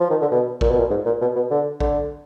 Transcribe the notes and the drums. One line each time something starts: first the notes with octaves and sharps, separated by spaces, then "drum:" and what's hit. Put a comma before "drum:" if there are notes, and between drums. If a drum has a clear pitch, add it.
F3
D#3
D3
B2
A#2, drum: kick A#1
B2
A#2
G#2
A#2
B2
B2
D3
D3, drum: kick A#1